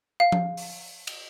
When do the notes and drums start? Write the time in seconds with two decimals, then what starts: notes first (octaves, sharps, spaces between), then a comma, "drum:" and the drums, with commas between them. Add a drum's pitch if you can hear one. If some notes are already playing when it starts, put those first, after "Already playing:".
0.20 F5
0.32 drum: tom F3
0.57 drum: open hi-hat
1.07 drum: cymbal